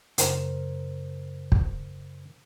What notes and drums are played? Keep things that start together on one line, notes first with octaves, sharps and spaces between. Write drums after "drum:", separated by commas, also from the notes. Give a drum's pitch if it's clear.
F#2 C#3 A#4 C5, drum: hi-hat
drum: kick